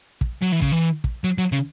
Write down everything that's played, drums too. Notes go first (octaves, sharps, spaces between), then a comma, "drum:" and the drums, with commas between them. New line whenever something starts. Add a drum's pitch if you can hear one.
drum: kick
F#3
E3
C#3, drum: kick
E3
drum: kick
F#3
F#3
C#3